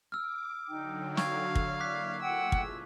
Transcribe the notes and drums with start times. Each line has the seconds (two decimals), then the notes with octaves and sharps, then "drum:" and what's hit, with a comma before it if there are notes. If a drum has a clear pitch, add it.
0.12 D6 E6 F6
0.68 D3 F#3 D#4 G5
1.17 F5 C#6 G#6, drum: snare
1.55 drum: kick
1.80 A#3 E4 D5 D6 F#6 B6
2.23 A3 F4 F#5 G5 E6
2.52 B2 G#4, drum: kick